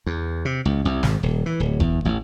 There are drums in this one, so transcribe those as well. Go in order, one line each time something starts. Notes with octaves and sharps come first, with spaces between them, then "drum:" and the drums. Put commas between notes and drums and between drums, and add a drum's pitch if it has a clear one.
E2
C3
C#2
C2
G#1, drum: snare
D#1
E3
D1
E2, drum: kick F1
A1